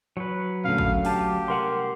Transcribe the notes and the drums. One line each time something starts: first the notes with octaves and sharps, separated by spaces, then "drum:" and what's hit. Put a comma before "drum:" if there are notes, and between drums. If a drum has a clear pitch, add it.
F#3 B4
A#2 D3 A3 C#4 F5
drum: kick
G4 F5 A5, drum: open hi-hat
C2 A#4 F#5 C6